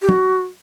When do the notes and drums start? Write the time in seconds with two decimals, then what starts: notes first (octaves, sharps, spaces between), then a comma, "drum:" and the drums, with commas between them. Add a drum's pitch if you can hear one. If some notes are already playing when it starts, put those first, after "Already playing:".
0.02 G4
0.09 F#4, drum: tom